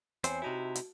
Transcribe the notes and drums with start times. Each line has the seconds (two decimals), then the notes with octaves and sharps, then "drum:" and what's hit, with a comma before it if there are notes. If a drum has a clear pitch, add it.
0.24 E2 C4 C5 C#5 G#5, drum: hi-hat
0.42 C3 D#4 E4 F#4 A5
0.75 drum: hi-hat